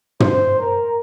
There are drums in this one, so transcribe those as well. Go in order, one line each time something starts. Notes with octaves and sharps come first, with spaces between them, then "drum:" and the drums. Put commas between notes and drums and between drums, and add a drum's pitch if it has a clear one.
C5, drum: tom
A#4